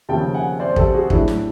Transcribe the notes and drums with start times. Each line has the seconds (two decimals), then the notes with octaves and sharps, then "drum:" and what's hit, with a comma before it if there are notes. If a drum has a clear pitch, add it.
0.09 D#2 C#3 F3 G5 A5
0.34 F#5 G#5
0.60 C5 D5
0.76 G4 A4, drum: kick
0.94 F#4 G#4
1.10 A2 F#3 D4 E4, drum: kick
1.28 drum: snare